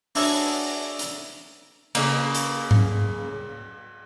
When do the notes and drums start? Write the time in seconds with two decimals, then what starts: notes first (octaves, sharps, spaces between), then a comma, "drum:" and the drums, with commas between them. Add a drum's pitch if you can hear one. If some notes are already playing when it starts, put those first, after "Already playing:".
0.15 D4 E4 F#4 G#4 C#5, drum: open hi-hat
0.99 drum: hi-hat
1.95 C#3 A#3, drum: cymbal
2.35 drum: hi-hat
2.71 drum: tom G#2